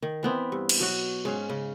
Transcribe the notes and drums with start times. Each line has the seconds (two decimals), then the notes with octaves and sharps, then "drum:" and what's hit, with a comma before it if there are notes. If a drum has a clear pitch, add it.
0.02 D#3
0.23 E3 B3 C4
0.52 G2
0.69 drum: cymbal
0.79 B2 F#3 F#4
1.25 G#2 C#4 F5
1.49 C#3